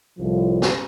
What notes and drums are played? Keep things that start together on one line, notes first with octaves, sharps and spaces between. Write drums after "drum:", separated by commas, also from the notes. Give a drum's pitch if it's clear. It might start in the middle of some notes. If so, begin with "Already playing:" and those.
C2 A2 F3
drum: snare